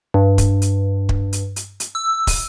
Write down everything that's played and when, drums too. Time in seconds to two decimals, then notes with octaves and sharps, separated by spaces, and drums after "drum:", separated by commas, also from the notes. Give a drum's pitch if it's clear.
0.14 G2
0.38 drum: kick, hi-hat
0.62 drum: hi-hat
1.09 drum: kick
1.33 drum: hi-hat
1.56 drum: hi-hat
1.80 drum: hi-hat
1.95 E6
2.27 drum: kick, open hi-hat